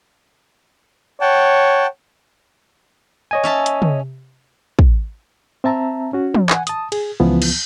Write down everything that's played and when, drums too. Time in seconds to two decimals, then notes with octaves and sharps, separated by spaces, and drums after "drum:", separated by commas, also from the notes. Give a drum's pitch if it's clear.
1.21 C#5 F#5 G5 A5
3.31 C#5 D#5 G#5
3.44 C#4 E5 A5
3.66 drum: hi-hat
3.82 drum: tom
4.79 drum: kick
5.64 C4 E5 A5 A#5
6.13 C#4 F#4
6.34 drum: tom
6.50 F#5 G#5, drum: clap
6.67 A5 D#6, drum: hi-hat
6.92 G#4, drum: cymbal
7.20 C#2 E3 F3 B3
7.42 drum: cymbal